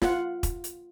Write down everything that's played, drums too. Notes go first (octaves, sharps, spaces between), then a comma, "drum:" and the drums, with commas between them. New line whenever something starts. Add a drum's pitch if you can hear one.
F4 F#5, drum: snare
drum: kick E1, hi-hat
drum: hi-hat